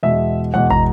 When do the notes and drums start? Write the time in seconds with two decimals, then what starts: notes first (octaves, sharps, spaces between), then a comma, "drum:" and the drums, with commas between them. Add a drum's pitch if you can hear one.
0.03 E2 B2 G#3 E5
0.53 E2 B2 G#3 F#5
0.70 A#5, drum: kick